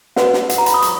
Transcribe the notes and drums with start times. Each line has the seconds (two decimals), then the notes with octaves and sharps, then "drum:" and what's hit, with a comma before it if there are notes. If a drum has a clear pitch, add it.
0.16 F#4 B4 F#5, drum: snare
0.33 drum: snare
0.49 F#5, drum: hi-hat
0.58 A#5
0.66 B5, drum: hi-hat
0.74 D#6
0.82 C#6, drum: hi-hat